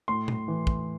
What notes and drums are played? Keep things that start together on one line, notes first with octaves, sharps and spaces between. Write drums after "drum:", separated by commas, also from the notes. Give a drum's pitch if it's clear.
A2 C6
drum: tom A#2
E3
drum: kick